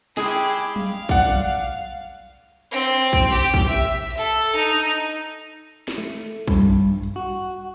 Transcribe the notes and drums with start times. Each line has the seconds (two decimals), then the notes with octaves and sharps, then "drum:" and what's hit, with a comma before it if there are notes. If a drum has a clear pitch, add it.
0.17 G#3 E4 G4 G#4, drum: snare
0.76 F5, drum: tom
1.09 D5 F#5, drum: kick
1.29 drum: tom
2.71 C4, drum: cymbal
3.13 drum: kick
3.30 G4
3.54 drum: kick
3.68 E5
4.17 A4, drum: tambourine
4.56 D#4
5.88 drum: snare
5.98 A3
6.48 G2, drum: kick
7.03 drum: hi-hat
7.16 F#4